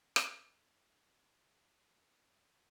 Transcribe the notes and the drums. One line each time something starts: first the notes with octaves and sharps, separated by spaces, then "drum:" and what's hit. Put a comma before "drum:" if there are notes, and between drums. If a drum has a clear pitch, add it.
drum: rim click
G5
C4
G#5
F4
A4